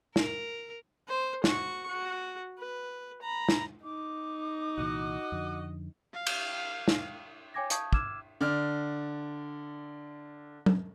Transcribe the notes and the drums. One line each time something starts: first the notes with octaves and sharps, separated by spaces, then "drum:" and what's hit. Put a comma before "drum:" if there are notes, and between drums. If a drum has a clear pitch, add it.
A#4, drum: snare
C5
F#4 C#6, drum: snare
F#4
B4
A#5 B5
drum: snare
D#4 D6
C2 A#2 E3 F#4 D#5
F2 D3
F5
drum: cymbal
drum: snare
C#5 G5 G#5 D6 G#6 A#6
F5 A5 C#6 D#6 G6 G#6, drum: hi-hat
D6 E6 F6 G#6 E7, drum: kick
D3 D5 F6
drum: tom F#3